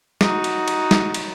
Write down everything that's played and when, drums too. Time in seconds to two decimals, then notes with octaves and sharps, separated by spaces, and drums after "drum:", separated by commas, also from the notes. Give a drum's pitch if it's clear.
0.21 D#4 F#4, drum: snare
0.44 drum: cymbal
0.68 drum: cymbal
0.91 drum: snare
1.14 drum: cymbal